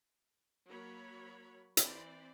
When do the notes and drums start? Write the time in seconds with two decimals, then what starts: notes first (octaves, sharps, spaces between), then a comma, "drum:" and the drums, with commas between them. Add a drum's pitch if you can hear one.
0.68 F#3 A#3 C#5 B5
1.77 E3 C4 C5 D5 B5, drum: hi-hat